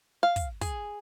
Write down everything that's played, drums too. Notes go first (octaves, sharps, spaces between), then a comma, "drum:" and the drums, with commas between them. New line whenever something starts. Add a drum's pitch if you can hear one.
F5
drum: kick, hi-hat
G#4, drum: kick, hi-hat